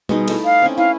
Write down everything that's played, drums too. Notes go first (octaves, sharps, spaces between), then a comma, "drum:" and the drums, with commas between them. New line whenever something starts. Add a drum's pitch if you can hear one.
B2 G#3 D#4, drum: tom G3
A3 D#4 E4, drum: cymbal
F5
C4 C#4
E4 B4 F5